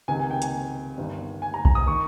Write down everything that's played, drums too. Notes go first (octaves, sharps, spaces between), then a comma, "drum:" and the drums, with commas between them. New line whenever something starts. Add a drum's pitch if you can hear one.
C#2 C3 D#3 G#5
G#5
G5
G#5, drum: hi-hat
G1 G2 D#3
G#5
A#5
A#5, drum: kick B1
D#6
D#3 C#6